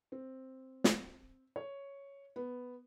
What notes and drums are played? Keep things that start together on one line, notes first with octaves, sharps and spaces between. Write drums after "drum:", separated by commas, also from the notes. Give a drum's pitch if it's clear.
C4
drum: snare
C#5
B3